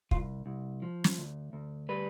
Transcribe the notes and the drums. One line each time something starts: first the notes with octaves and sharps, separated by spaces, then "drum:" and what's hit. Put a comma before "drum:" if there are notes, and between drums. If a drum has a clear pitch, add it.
C2 F4, drum: kick
C2
F3
drum: snare
D2
D2
G3 B4